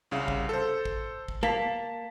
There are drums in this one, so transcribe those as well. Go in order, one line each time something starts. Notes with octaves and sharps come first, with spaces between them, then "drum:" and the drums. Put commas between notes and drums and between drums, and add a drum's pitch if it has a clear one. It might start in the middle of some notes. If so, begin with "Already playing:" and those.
C2 C#3 F5
drum: kick
A4 C5
drum: kick
drum: kick
A#3 A5 B6